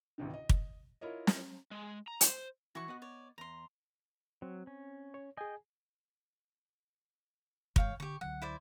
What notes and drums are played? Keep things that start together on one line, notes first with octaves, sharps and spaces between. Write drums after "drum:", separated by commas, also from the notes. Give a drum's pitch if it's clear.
A1 D2 C3 D#3
D#5
drum: kick
E4 F4 A#4 C#5 D#5
drum: snare
G#3
A#5
C5, drum: hi-hat
E3 F3 E4 F#4 C#6
B3 D#5 F#5
C#5 D5
E2 A#5 C6
F#3 C4
C#4
C#5
G#4 D#5 G5 G#5
G2 D#3 G#3 C#5 F5 G5, drum: kick
D3 G4 C#6
C#2 D3 F#3 F#5
E4 C5 D5